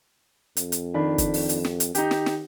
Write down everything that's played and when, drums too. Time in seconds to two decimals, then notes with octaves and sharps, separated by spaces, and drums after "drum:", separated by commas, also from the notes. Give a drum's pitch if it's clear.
0.57 F2, drum: hi-hat
0.72 drum: hi-hat
0.94 D#3 D4 B5
1.18 drum: kick, hi-hat
1.34 drum: open hi-hat
1.49 drum: hi-hat
1.65 drum: snare
1.80 drum: hi-hat
1.95 D#3 D#4 G4, drum: hi-hat
2.11 drum: snare
2.26 drum: snare